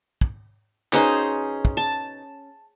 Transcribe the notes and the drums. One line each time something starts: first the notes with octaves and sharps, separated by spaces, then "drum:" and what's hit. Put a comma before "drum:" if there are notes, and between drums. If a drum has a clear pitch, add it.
drum: kick
B2 C#4 D#4 G#4 C5, drum: clap
drum: kick
A5